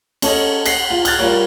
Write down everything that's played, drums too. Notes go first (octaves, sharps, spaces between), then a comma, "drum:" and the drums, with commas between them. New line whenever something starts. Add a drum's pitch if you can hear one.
C#4 A4 C#5 D#5, drum: cymbal
F#5 B6 C7, drum: cymbal
F4
F6 F#6 G#6 A6, drum: cymbal
G3 F4 A#4 C#5